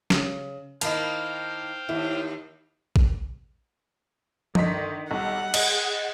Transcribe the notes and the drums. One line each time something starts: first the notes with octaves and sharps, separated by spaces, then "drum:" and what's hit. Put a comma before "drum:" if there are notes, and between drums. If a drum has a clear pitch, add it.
C#3, drum: snare
D#3 A#3 E4 C5 D#5 F5 G5 A5, drum: hi-hat
D#2 E4
drum: kick
G1 D#3 D#5 B6, drum: tom F3
B1 G3 F#5
G#4 D#5, drum: cymbal